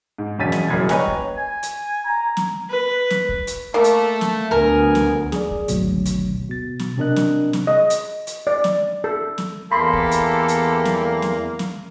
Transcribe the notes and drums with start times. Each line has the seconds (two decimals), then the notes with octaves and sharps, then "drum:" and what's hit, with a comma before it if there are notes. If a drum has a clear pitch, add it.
0.18 G#2
0.39 E1 F#2 C#4 A6 B6 D#7
0.52 drum: snare
0.69 F#1 F#2 G3 G#6
0.89 B4 C#5 D#5 G5 G#5 A#5, drum: snare
1.07 drum: kick
1.38 G#5
1.63 drum: hi-hat
2.05 A#5
2.37 drum: snare
2.70 B4
3.10 drum: snare
3.29 drum: kick
3.47 drum: hi-hat
3.74 A3 A#3
3.84 drum: hi-hat
4.21 drum: snare
4.51 D2 F#3 B3 A#4 G#5
4.95 drum: snare
5.32 G#4 D5, drum: snare
5.50 drum: kick
5.68 G#1 D2 B2 F#3, drum: hi-hat
6.06 drum: hi-hat
6.49 B2 A6
6.79 drum: snare
6.97 C3 C4 D4 A#4 D#5 F#6
7.16 drum: snare
7.53 drum: snare
7.67 D#5
7.90 drum: hi-hat
8.27 drum: hi-hat
8.47 D5
8.64 drum: snare
9.04 A4
9.38 drum: snare
9.72 E2 A#3 G4 A4 B5 C6
9.93 drum: kick
10.12 drum: hi-hat
10.48 drum: hi-hat
10.85 drum: snare
11.22 drum: snare
11.59 drum: snare